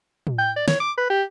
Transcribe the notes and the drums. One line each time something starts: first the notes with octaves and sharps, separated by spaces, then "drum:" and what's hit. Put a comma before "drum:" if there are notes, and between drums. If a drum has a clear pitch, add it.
drum: tom
G5
D5
C#5, drum: snare
D6
B4
G4